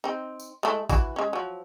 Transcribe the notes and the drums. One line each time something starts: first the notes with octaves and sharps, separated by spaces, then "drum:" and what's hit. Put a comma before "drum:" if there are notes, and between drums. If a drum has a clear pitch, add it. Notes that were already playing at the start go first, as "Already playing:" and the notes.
C4 D#4
drum: tambourine
G#3 A3 E4
E3 E4 F#4, drum: kick, tambourine
G#3 C#4
F3 F#3